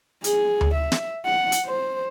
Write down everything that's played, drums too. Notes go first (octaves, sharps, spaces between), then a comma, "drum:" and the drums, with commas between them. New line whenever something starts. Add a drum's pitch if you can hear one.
G#4, drum: hi-hat
drum: tom D2
E5
drum: snare
F#5
drum: hi-hat
C5